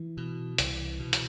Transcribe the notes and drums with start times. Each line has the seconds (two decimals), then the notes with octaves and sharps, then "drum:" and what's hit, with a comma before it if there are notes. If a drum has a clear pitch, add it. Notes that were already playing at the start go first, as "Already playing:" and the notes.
Already playing: E3
0.17 B2
0.58 C2 E3, drum: hi-hat
0.99 B2
1.13 drum: hi-hat